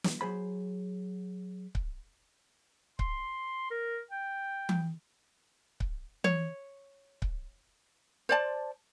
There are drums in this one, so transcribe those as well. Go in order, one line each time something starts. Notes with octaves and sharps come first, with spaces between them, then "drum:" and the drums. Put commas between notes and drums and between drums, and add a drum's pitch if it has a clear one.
drum: snare
F#3 G#4 C5 B5
drum: kick C#1
C6, drum: kick C#1
A#4
G5
drum: tom E3
drum: kick C#1
C#5, drum: tom E3
drum: kick C#1
C5 D5 A5